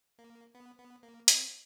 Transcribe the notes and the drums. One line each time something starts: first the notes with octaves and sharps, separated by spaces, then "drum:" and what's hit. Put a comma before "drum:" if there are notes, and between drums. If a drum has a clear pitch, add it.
A#3
B3
B3
A#3
C4, drum: hi-hat